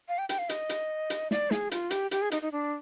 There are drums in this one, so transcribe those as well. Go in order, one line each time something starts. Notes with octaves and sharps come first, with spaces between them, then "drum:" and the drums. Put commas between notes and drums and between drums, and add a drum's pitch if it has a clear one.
F5
G5
G5, drum: hi-hat
F5
D#5, drum: hi-hat
drum: hi-hat
drum: hi-hat
D5, drum: snare
G#4, drum: snare
F4, drum: hi-hat
G4, drum: hi-hat
G4, drum: hi-hat
G#4
D#4, drum: hi-hat
D#4
D4